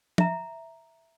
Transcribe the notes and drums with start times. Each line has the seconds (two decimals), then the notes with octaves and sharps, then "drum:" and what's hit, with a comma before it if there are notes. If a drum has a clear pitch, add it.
0.18 E5 A#5, drum: tom